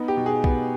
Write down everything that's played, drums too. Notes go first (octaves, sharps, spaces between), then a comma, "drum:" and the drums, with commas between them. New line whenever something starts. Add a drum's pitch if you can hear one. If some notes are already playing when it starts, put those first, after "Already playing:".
Already playing: B3 D#4
G4
B2
G#4
B3, drum: kick B1